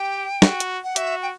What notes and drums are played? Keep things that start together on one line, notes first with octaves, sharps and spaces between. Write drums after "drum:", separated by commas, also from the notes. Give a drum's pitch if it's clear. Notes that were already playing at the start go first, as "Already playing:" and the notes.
Already playing: G4 G5
F#4, drum: snare
drum: hi-hat
F#5
F#4 E5, drum: hi-hat
G5